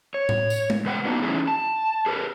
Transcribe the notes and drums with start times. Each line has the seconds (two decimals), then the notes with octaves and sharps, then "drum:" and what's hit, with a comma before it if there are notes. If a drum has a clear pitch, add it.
0.14 C#5
0.29 drum: tom A2
0.50 drum: tambourine
0.70 drum: tom G#3
0.85 C3 B4 F#5 G5
1.05 A#3 B3 D4 D#4 F#4
1.22 E3 A3 C#4 D#4 E4 G#4
1.48 A5
2.06 G#4 A#4 B4